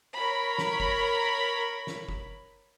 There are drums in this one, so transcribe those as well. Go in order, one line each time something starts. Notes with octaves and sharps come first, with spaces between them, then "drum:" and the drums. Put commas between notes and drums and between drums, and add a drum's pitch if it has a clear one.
A#4 C#5 B5
drum: snare
drum: kick G1
drum: snare
drum: kick G1